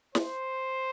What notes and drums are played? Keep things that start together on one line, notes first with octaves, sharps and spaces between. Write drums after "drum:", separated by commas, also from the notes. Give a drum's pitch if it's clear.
C5, drum: snare